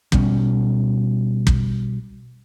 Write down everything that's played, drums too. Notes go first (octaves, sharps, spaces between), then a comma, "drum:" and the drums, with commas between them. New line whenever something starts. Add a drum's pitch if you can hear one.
B2 G3 C#4, drum: kick
drum: kick